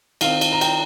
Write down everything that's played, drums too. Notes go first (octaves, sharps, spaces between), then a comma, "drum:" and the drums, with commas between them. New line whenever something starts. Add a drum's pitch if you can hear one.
D#3 C4 F5, drum: cymbal
drum: cymbal
A#5
G5, drum: cymbal